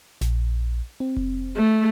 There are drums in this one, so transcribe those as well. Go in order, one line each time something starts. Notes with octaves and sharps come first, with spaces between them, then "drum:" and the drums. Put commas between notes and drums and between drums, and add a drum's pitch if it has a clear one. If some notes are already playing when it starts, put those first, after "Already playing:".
A#1, drum: snare
C4
drum: kick F1
A3